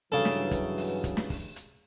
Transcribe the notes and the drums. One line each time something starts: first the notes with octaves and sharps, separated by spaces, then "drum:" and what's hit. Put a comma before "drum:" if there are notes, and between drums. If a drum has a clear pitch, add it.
G2 C#3 E3 F#3 A4
drum: snare
drum: kick, hi-hat
drum: open hi-hat
drum: kick, hi-hat
drum: snare
drum: kick, open hi-hat
drum: hi-hat